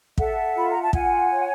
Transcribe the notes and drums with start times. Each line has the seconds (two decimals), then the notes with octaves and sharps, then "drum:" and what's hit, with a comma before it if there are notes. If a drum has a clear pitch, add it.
0.18 A4 E5 F#5, drum: kick
0.55 F4 B5
0.70 A#5
0.81 A5
0.93 F4 F#5 G#5, drum: kick
1.31 C#5